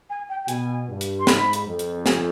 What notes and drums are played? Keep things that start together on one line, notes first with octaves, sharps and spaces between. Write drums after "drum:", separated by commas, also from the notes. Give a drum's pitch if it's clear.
G#5
G5
G5
B2 G#5, drum: hi-hat
G2
drum: hi-hat
C6
G#2 B5, drum: snare
drum: hi-hat
F2
drum: hi-hat
G#5, drum: snare